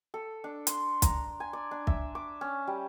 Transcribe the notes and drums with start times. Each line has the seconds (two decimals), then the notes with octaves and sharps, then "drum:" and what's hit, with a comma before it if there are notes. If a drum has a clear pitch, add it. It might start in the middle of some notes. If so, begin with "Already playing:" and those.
0.14 A4
0.44 D4
0.67 C6, drum: hi-hat
1.02 A#5, drum: kick, hi-hat
1.40 G#5
1.53 D5
1.71 D4
1.87 E5, drum: kick
2.15 D6
2.41 C#4
2.67 G3